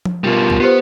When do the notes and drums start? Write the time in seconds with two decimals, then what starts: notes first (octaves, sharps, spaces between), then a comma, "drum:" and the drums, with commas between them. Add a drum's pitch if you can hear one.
0.05 drum: tom F3
0.24 B2 G3 F4 A#4
0.50 drum: kick
0.60 B3 G4 C5